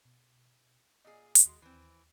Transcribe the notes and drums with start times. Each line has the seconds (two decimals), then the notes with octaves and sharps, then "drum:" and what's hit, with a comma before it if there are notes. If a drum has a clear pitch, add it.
0.05 B2
1.05 A#2 G#4 D#5 C7
1.35 drum: hi-hat
1.45 D#2 G#3 F#4 C6
1.62 D#2 E3 C4